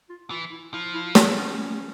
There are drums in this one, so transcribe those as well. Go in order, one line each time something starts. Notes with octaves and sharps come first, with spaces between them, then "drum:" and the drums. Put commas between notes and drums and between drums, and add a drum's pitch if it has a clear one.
F4
E3 F4
E4
F3 E4
E4
C#4, drum: snare
C#4